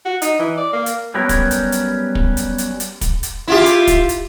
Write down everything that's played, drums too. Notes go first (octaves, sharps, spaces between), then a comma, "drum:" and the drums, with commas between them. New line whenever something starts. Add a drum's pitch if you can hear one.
F#4
D#4, drum: hi-hat
E3
D5
A#3
drum: hi-hat
F#3 G3 B3 C#4 G4 A#4
drum: kick, hi-hat
drum: hi-hat
drum: hi-hat
drum: kick
drum: hi-hat
drum: hi-hat
drum: hi-hat
drum: kick, hi-hat
drum: hi-hat
E4 F4 G4
drum: hi-hat
drum: kick, hi-hat
drum: hi-hat